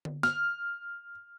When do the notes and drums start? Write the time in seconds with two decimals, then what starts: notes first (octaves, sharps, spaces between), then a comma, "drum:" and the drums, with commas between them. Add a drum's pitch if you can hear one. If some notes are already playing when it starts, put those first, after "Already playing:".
0.05 drum: tom D3
0.23 F6, drum: snare